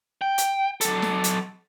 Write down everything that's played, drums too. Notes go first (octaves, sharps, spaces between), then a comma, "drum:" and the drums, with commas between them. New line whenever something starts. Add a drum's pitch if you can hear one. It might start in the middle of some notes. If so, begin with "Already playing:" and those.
G5
drum: hi-hat
F#3 A4, drum: hi-hat
drum: snare
drum: hi-hat